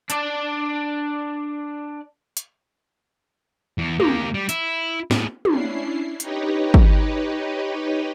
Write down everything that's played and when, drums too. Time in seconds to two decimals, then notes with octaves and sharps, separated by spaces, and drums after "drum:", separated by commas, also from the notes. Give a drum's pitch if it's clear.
0.10 D4 D5, drum: hi-hat
2.37 drum: hi-hat
3.78 E2
4.00 A#3 G4, drum: tom
4.34 G3
4.49 E4, drum: hi-hat
5.11 A2 G#4, drum: snare
5.45 C#4 D4 E4 C7, drum: tom
6.20 D#4 G4 B4 C#5 D#5, drum: hi-hat
6.74 drum: kick